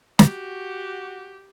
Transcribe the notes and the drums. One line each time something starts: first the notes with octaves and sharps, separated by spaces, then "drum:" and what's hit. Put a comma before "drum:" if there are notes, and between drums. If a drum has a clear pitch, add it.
F#4 G4, drum: snare